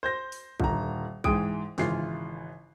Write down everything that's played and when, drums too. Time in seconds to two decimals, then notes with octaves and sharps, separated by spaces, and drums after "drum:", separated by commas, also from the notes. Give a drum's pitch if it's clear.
0.03 C5 G6 A#6
0.32 drum: open hi-hat
0.60 D#1 D3 A#5, drum: kick A#1
1.24 G#2 E3 G#3 G5 D#6 D7, drum: kick A#1
1.78 G#1 C#3 E3 F4 C7, drum: snare